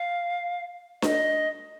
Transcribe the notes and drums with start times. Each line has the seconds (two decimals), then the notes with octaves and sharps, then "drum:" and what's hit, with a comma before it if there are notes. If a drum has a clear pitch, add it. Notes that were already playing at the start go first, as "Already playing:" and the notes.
Already playing: F5
1.02 D#5, drum: snare D4